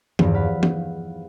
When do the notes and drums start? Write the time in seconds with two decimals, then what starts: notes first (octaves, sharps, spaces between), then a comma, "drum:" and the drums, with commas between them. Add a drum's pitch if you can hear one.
0.19 E2 G2 D#3 F3 B3 C4, drum: tom
0.34 F4 F5 F#5 B5
0.63 drum: tom